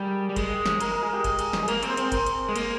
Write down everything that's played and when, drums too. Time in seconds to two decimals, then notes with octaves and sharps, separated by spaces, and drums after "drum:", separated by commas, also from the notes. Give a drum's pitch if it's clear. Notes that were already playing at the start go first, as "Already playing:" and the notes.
Already playing: G3 G#4 A#4
0.29 G3
0.36 G#3, drum: kick F#1, cymbal
0.66 drum: snare
0.81 A#4, drum: cymbal
0.92 A#4
1.02 G#4
1.13 G4
1.24 G#4, drum: kick F#1, cymbal
1.39 drum: cymbal
1.53 drum: snare
1.62 G#4
1.68 A#3 A#4, drum: cymbal
1.83 C4, drum: cymbal
1.90 C5
1.97 C4, drum: cymbal
2.12 A#4, drum: kick F#1, cymbal
2.26 drum: cymbal
2.49 G#3
2.56 A#3, drum: cymbal